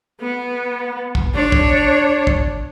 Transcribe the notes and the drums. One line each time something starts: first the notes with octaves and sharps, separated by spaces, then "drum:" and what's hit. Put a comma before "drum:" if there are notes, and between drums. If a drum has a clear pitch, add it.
B3
drum: kick
D4 C#5
drum: kick
drum: kick